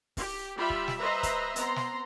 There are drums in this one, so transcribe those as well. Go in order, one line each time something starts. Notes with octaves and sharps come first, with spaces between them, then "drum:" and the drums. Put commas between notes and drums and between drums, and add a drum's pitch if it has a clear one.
G4, drum: kick, open hi-hat
G3 F4 G4 E5 B5
drum: kick
drum: snare
B4 C5 D#5 E5 A#5 C6
drum: kick, hi-hat
B3 C4 A#5 C6, drum: hi-hat
drum: snare